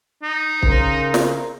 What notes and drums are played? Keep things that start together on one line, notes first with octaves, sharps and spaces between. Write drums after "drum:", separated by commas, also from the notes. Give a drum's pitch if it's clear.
D#4
C#3 A#4 C5, drum: kick
drum: snare